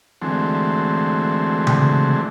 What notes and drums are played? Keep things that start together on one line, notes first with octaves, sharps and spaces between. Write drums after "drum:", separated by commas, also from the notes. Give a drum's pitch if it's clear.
D3 E3 F#3 G#3 A3 C4
drum: tom C#3